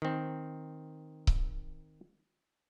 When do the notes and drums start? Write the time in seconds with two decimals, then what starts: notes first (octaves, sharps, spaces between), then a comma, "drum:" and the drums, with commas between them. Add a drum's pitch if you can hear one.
0.02 D#3 C4
1.27 drum: kick C#1